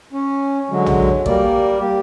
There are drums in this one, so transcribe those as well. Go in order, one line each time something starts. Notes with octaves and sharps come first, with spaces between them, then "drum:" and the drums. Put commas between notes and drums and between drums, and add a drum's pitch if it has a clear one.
C#4
D3 F#3 G#3
drum: tom
G3 A#3 D5, drum: kick A1
G4